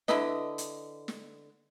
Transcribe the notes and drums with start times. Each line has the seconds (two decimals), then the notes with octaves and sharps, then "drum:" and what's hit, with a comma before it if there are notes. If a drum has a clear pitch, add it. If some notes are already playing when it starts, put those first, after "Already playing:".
0.08 D3 E4 B4 D#5, drum: snare
0.58 drum: hi-hat
1.08 drum: snare